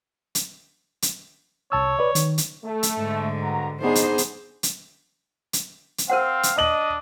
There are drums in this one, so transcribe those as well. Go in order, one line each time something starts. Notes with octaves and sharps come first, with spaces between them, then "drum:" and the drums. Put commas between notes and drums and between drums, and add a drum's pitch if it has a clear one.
drum: hi-hat
drum: hi-hat
C2 C#5 A5 E6
B4 D5
D#3, drum: hi-hat
drum: hi-hat
A3
drum: hi-hat
G#2 D3
G2 F#4 A#5
B3 D4 D#4 G#4 C5
drum: hi-hat
drum: hi-hat
drum: hi-hat
drum: hi-hat
drum: hi-hat
C4 A#4 C5 F5 F#5
drum: hi-hat
D4 D#5 D#6 F#7